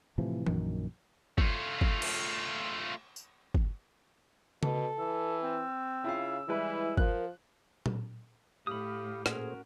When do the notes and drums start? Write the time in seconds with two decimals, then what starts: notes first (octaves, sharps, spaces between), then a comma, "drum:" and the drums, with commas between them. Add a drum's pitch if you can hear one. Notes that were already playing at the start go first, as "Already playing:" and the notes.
0.18 A2 C3 E3 F3
0.47 A#1 F#2 D#3, drum: tom E3
1.38 A3 F4, drum: kick
1.81 drum: kick
2.02 drum: cymbal
3.16 drum: tambourine
3.54 drum: kick
4.63 B2 A4, drum: tom C#3
4.98 E3 E6
5.42 C4
6.04 C#3 E4 F4 F5
6.48 E3 G3 G#3 E4 B4
6.97 F3 A#4 F#6, drum: kick
7.86 drum: tom A#2
8.67 A2 G4 F5 B5 D#6
9.26 A#2 A3 C#4 F#4 G#4 A#4 C5, drum: rim click